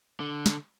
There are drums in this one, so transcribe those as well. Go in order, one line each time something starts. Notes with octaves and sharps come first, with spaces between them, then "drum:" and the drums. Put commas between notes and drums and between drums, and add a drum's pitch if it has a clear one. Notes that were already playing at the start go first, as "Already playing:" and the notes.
D3
drum: snare